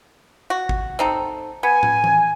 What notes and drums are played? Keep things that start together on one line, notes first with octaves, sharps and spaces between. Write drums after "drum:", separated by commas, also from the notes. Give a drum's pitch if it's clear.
F#4
drum: kick
C4 D#4 A4
B3 G#5
drum: tom
drum: tom E3